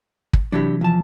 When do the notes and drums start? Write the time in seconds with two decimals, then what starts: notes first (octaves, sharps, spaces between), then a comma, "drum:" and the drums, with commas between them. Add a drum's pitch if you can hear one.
0.33 drum: kick
0.52 C3 E3 F#3 D4 E4 G4
0.81 E2 F3 A5